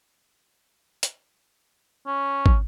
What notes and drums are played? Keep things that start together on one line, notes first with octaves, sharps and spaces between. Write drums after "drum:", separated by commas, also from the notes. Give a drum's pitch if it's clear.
drum: hi-hat
C#4
drum: kick